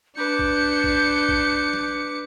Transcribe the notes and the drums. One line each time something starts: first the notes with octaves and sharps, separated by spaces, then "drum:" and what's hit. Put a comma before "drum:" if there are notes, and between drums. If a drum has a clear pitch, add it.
D4 B4 D6 G6 C#7
drum: kick A#1
drum: kick A#1
drum: kick A#1
drum: snare